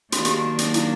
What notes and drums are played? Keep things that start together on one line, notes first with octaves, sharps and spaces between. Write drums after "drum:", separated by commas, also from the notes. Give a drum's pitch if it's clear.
D#3 F#3 A#3 D4 F#4, drum: hi-hat
G4, drum: hi-hat
F#4
drum: hi-hat
E4, drum: hi-hat